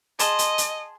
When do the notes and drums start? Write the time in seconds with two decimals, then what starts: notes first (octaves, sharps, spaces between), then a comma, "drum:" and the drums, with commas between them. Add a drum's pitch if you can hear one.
0.19 G#4 D#5 A5 C6, drum: hi-hat
0.39 drum: hi-hat
0.58 drum: hi-hat